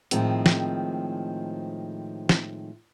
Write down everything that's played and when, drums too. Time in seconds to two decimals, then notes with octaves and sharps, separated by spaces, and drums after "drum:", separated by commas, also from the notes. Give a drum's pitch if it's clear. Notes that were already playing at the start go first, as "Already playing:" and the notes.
0.11 A2 D#3 F3 G#3 C4, drum: hi-hat
0.46 drum: snare
2.29 drum: snare